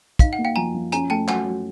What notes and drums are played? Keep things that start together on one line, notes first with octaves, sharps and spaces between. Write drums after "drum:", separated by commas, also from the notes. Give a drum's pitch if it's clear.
D#4 F5, drum: kick, hi-hat
F#5
A#3
F5 G5
F3 G#5 A#5
F3
C#4 G#5 A#5, drum: hi-hat
A3 G5 A5
F#3 F#5 G#5, drum: clap
F#3